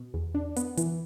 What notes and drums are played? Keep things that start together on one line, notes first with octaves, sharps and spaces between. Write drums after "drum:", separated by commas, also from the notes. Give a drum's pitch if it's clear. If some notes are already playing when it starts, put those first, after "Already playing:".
Already playing: B2
E2
D4
B3, drum: hi-hat
E3, drum: hi-hat